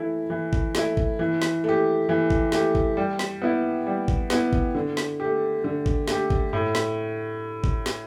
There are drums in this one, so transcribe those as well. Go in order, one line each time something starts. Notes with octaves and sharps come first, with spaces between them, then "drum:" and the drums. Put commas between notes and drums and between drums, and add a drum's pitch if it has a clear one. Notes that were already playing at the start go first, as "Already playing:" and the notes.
Already playing: E3 A3 E4
E3
drum: kick G1
A3 E4, drum: snare
drum: kick G1
E3
drum: snare
A3 G4
E3
drum: kick G1
A3 G4, drum: snare
drum: kick G1
G3
drum: snare
B3 E4
G3
drum: kick G1
B3 E4, drum: snare
drum: kick G1
D3
drum: snare
A3 G4
D3
drum: kick G1
A3 G4, drum: snare
drum: kick G1
A2
drum: snare
drum: kick G1
drum: snare